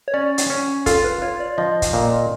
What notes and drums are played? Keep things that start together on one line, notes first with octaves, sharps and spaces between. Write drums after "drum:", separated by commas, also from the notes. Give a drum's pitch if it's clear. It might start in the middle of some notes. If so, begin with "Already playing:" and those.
C#5
C#4 D5
drum: hi-hat
C#4
F4 A4, drum: kick, hi-hat
B4
F4 C#5
D5
F3 D#5
drum: kick, hi-hat
A#2